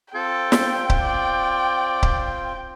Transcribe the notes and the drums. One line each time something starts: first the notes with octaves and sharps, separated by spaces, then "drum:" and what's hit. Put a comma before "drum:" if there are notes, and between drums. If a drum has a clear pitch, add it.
C4 F4 A4 G5
drum: snare
drum: kick C#1
D5
drum: kick C#1